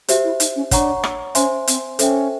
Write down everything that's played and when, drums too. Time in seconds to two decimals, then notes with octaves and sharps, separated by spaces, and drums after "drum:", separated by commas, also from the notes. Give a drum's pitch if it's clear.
0.08 F#4 G4 C5 E5, drum: hi-hat
0.24 E4
0.40 D#4, drum: hi-hat
0.56 C#4
0.71 D4 C#5 F#5 A#5 C#6, drum: kick, hi-hat
1.04 drum: rim click
1.35 C#4 C5 E5 G#5 C6, drum: hi-hat
1.67 C4, drum: hi-hat
1.99 C#4 A4 C5 E5 G5, drum: hi-hat